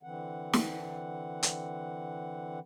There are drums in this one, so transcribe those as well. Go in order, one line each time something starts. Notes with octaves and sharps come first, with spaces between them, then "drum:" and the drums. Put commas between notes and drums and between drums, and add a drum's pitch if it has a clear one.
D3 E3 C4 F#5
drum: snare
drum: hi-hat